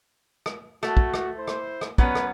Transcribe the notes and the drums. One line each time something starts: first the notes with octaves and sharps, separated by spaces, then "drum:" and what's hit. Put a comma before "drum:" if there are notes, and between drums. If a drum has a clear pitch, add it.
drum: rim click
A3 F#4, drum: rim click
drum: kick
drum: rim click
E4 C5
drum: rim click
drum: rim click
F#3 B3 C#4 B4, drum: kick
drum: rim click